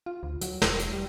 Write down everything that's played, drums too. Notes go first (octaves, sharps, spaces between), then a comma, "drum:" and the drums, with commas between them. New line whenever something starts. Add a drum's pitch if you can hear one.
F4
D2
F#3, drum: hi-hat
E1, drum: snare
drum: hi-hat
G3